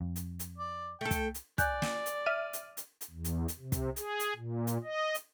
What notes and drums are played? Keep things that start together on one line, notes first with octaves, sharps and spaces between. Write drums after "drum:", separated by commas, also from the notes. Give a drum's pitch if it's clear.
F2
drum: hi-hat
drum: hi-hat
D5
A3 A4 G5
drum: kick, hi-hat
drum: hi-hat
D5 G#5 F#6 G6, drum: kick, hi-hat
drum: snare
drum: hi-hat
E5 F6 D#7
drum: hi-hat
drum: hi-hat
drum: hi-hat
E2
drum: hi-hat
drum: hi-hat
C3
drum: kick, hi-hat
G#4, drum: hi-hat
drum: hi-hat
A#2
drum: hi-hat
D#5
drum: hi-hat